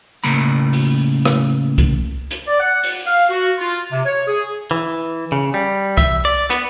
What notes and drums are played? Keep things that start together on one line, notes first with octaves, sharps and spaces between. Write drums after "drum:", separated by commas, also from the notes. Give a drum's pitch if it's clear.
A2 C#3 A#3 A#5 B5
drum: open hi-hat
drum: rim click
drum: kick C2, hi-hat
drum: hi-hat
D5
F#5
drum: open hi-hat
F5
F#4
F4
C3
C#5
G#4
E3
C#3
G3
E5, drum: kick C2, hi-hat
D5
B3, drum: hi-hat